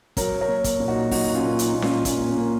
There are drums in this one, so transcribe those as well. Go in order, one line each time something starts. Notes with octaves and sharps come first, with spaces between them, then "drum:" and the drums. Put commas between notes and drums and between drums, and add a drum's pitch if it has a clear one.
F#3 A#4 C#5, drum: kick, hi-hat
A#4 C#5
A#3
drum: kick, hi-hat
A#2
D#4 F#4
F#3 D#4 F#4, drum: kick, open hi-hat
F#4
C#4 F4
A#2
D#4, drum: hi-hat
A#2
C#4 F4, drum: snare C#4
A#2 C#4 F4, drum: kick, hi-hat
C#4
A#3